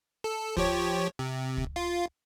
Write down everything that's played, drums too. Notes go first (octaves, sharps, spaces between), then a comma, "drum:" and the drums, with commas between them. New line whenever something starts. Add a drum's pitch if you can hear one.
A4
F3 G4 C#5, drum: kick
C3
drum: kick
F4